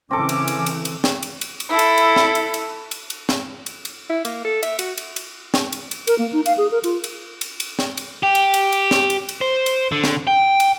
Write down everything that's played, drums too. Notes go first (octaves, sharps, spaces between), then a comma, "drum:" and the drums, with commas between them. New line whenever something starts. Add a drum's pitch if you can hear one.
C#3 E3 C4 C#4 A4 D6
drum: cymbal
drum: cymbal
drum: cymbal
drum: cymbal
drum: snare
drum: cymbal
drum: cymbal
drum: cymbal
E4 A4
drum: cymbal
drum: cymbal
drum: snare
drum: cymbal
drum: cymbal
drum: cymbal
drum: cymbal
drum: snare
drum: cymbal
drum: cymbal
E4
A#3, drum: cymbal
A4
E5, drum: cymbal
F#4, drum: cymbal
drum: cymbal
drum: cymbal
drum: snare
drum: cymbal
drum: cymbal
A#4, drum: cymbal
A#3
D#4
F5, drum: cymbal
G#4
A#4
F4, drum: cymbal
drum: cymbal
drum: cymbal
drum: cymbal
drum: snare
drum: cymbal
G4
drum: cymbal
drum: cymbal
drum: cymbal
drum: snare
drum: cymbal
drum: cymbal
C5
drum: cymbal
D3
drum: snare
G5
drum: cymbal